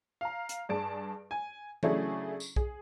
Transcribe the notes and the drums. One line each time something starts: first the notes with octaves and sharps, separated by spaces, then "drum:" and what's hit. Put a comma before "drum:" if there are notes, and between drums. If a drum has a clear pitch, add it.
F5 A#5
drum: hi-hat
G2 G#4 D5 A5 D7
G#5
C#3 F#3 A3 D4 E4 G#4, drum: tom E3
drum: tambourine
G#4, drum: kick